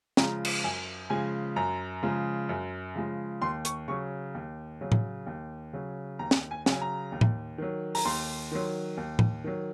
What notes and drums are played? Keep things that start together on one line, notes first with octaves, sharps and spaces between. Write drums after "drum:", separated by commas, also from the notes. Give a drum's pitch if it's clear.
C#3 F3 G#3 A#5, drum: snare
drum: cymbal
F#2 G#5
C#3 F3 G#3 G#5
F#2 A#5
C#3 F3 G#3
F#2
C#3 F3 G#3
D#2 C6
C#6, drum: hi-hat
C#3 F#3 C#6
D#2
C#3 F#3
drum: tom A2
D#2
C#3 F#3
D#2 A#5
drum: snare
G#5
C#3 F#3, drum: snare
G#5
A#5
D#2
drum: tom A2
D#3 F#3
A#5, drum: open hi-hat
D#2 C6
D#3 F#3
D#2
drum: tom A2
D#3 F#3